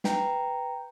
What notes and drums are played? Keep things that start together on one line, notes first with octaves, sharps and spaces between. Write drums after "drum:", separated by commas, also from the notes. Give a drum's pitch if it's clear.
B4 G5 A#5, drum: snare